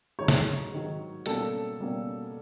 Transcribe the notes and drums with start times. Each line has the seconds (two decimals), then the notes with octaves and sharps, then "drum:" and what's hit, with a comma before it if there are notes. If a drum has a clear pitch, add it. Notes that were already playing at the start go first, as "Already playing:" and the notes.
0.19 G#2 D#3 F#3 C#5
0.28 drum: snare
0.72 G#2 D#3 F#3
1.26 B2 G3 A#3 C#4 A4, drum: hi-hat
1.80 B2 G3 A#3 C#4